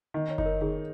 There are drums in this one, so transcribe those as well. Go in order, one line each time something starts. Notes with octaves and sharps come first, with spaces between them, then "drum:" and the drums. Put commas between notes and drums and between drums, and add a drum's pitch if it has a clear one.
D#3
C#5
D#4, drum: kick F#1
A#4
D#3 G#4